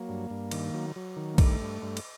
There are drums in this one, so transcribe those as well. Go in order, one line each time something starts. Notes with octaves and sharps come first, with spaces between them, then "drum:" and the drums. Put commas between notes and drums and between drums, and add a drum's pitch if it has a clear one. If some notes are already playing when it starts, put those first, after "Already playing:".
Already playing: F#3 A#3
G2
G2
D#3, drum: cymbal
F#3
F#3
D#3
A#3
G2 A3, drum: kick, cymbal
G2
G2
drum: cymbal